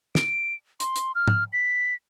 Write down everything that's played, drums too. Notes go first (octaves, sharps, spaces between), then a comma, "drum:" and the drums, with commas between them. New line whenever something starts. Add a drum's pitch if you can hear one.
D7, drum: snare
C6, drum: hi-hat
drum: hi-hat
F6
drum: tom
B6